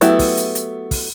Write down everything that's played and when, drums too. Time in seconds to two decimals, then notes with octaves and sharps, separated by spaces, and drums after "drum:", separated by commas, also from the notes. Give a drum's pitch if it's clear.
0.01 F#3 A3 B3 E4 G4, drum: hi-hat
0.19 drum: kick, open hi-hat
0.37 drum: hi-hat
0.55 drum: hi-hat
0.91 drum: kick, open hi-hat